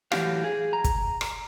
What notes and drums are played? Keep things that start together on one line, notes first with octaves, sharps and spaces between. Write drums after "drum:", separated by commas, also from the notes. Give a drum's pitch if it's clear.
A2 E3 F#3 C#4 G4 F5, drum: rim click
G#4
A#5
drum: kick, hi-hat
drum: rim click